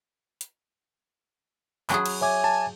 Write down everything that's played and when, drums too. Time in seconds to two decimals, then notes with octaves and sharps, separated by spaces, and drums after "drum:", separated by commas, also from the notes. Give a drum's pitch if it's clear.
0.41 drum: hi-hat
1.90 F#3 F#4 G#4 B5 F#6, drum: clap
2.06 drum: cymbal
2.21 C#5 E5 G#5 D6
2.44 A5